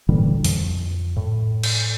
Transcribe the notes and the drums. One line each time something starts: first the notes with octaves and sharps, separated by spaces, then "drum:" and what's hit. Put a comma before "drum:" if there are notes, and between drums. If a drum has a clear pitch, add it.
A#2 D3 E3 G3
F2, drum: open hi-hat
A2
drum: cymbal